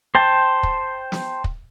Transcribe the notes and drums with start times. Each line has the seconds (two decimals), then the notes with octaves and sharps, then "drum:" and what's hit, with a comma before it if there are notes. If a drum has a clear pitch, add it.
0.15 C5 G5 A5
0.63 drum: kick
1.12 drum: snare
1.44 drum: kick